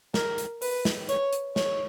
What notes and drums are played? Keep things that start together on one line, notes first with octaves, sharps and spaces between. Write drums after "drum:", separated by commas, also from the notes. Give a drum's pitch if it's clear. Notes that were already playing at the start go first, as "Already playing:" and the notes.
A#4, drum: snare
drum: hi-hat
B4, drum: open hi-hat
drum: snare
C#5, drum: hi-hat
drum: hi-hat
C#5, drum: snare